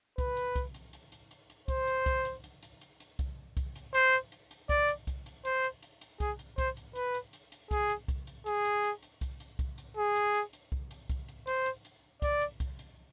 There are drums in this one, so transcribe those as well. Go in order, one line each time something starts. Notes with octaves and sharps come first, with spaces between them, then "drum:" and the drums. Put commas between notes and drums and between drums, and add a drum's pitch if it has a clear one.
B4, drum: kick C2, hi-hat
drum: hi-hat
drum: kick C2, hi-hat
drum: hi-hat
drum: hi-hat
drum: hi-hat
drum: hi-hat
drum: hi-hat
C5, drum: kick C2, hi-hat
drum: hi-hat
drum: kick C2, hi-hat
drum: hi-hat
drum: hi-hat
drum: hi-hat
drum: hi-hat
drum: hi-hat
drum: kick C2, hi-hat
drum: kick C2, hi-hat
drum: hi-hat
C5, drum: hi-hat
drum: hi-hat
drum: hi-hat
drum: hi-hat
D5, drum: kick C2, hi-hat
drum: hi-hat
drum: kick C2, hi-hat
drum: hi-hat
C5, drum: hi-hat
drum: hi-hat
drum: hi-hat
drum: hi-hat
G#4, drum: kick C2, hi-hat
drum: hi-hat
C5, drum: kick C2, hi-hat
drum: hi-hat
B4, drum: hi-hat
drum: hi-hat
drum: hi-hat
drum: hi-hat
G#4, drum: kick C2, hi-hat
drum: hi-hat
drum: kick C2, hi-hat
drum: hi-hat
G#4, drum: hi-hat
drum: hi-hat
drum: hi-hat
drum: hi-hat
drum: kick C2, hi-hat
drum: hi-hat
drum: kick C2, hi-hat
drum: hi-hat
G#4
drum: hi-hat
drum: hi-hat
drum: hi-hat
drum: kick C2
drum: hi-hat
drum: kick C2, hi-hat
drum: hi-hat
C5, drum: hi-hat
drum: hi-hat
drum: hi-hat
D5, drum: kick C2, hi-hat
drum: hi-hat
drum: kick C2, hi-hat
drum: hi-hat